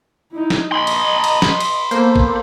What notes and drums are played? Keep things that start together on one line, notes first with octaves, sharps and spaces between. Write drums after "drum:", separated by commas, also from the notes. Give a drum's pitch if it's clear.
D#4 E4
drum: snare
D#5 B5 C6
drum: cymbal
drum: cymbal
drum: snare
drum: cymbal
A#3 B3 A4 C5
drum: kick